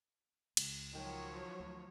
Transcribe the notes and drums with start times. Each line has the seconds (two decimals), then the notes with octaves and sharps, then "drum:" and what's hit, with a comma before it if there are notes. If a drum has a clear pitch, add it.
0.57 C#2, drum: cymbal
0.93 D#3 F3 F#3 A#4 C#5 G5
1.59 D2